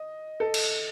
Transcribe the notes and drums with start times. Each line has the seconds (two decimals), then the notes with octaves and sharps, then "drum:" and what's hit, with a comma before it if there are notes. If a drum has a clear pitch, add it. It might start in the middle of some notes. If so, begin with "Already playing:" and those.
Already playing: D#5
0.40 A4
0.54 drum: cymbal